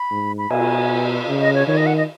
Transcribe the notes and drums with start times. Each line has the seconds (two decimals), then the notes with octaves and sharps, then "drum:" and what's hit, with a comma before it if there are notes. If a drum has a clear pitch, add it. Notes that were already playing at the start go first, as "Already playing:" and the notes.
Already playing: B5
0.11 G#2
0.38 B5
0.50 B2 G#5, drum: cymbal
1.28 C#3
1.41 D#5
1.55 C#5
1.68 D#3 C#5
1.77 D#5
1.86 F#5
1.97 D#5